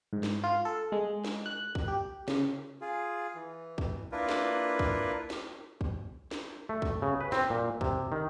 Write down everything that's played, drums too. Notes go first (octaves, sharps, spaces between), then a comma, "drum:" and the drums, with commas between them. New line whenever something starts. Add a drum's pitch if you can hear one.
G#2
drum: snare
F4
A4
G#3
drum: snare
F#6
drum: kick
G4
C#3, drum: snare
F4 G#4
E3
drum: kick
A#3 D4 E4 F4 A#4 B4
drum: snare
drum: kick
drum: snare
drum: kick
drum: snare
A3
drum: kick
C#3
B4
C4, drum: snare
A#2
C3, drum: kick
D#3